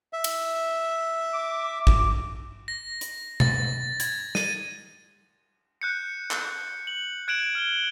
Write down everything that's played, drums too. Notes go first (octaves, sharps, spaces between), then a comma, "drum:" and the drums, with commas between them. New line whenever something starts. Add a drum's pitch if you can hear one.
E5
drum: cymbal
D6
drum: kick
A#6
drum: hi-hat
A6, drum: tom B2
G#6, drum: hi-hat
D#7, drum: snare
F#6 G6 C#7
drum: clap
F#7
F#6 G#6 D7 E7 F#7
F6 G7